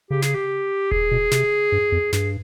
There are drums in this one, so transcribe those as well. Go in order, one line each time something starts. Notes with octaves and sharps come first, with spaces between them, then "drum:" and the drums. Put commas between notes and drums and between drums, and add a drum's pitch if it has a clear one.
C#3 G4
G#4, drum: snare
G4
G#4, drum: kick D#1
B2
C3, drum: snare
G2
F2
G2 G#4, drum: snare